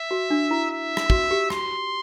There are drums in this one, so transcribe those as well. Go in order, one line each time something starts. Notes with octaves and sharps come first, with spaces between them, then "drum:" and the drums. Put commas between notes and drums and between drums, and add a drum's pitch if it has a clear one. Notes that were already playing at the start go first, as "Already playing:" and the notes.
Already playing: E5
F#4
D4
E4
E5
drum: rim click
F#4, drum: kick
G4
C6, drum: rim click